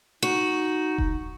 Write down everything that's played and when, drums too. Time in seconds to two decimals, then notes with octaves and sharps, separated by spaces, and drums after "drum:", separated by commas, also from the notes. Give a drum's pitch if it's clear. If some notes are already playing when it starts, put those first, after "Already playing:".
0.22 D#4 F#4
0.98 drum: kick E1